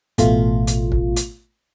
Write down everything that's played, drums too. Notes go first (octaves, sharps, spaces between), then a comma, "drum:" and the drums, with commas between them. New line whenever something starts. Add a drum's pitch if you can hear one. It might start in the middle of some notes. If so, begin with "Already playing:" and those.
A1 B2 A3 F4, drum: kick, hi-hat
drum: hi-hat
drum: kick
drum: hi-hat